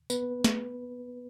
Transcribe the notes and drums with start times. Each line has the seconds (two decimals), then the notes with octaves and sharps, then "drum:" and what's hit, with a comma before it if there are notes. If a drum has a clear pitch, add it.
0.10 B3 B4, drum: tambourine
0.44 drum: snare